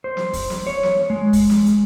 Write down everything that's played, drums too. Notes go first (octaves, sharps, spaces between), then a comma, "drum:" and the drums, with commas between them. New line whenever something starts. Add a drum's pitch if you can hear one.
C5
drum: snare
drum: kick, open hi-hat
drum: snare
C#5
drum: snare
G#3
drum: kick, open hi-hat
drum: snare
drum: hi-hat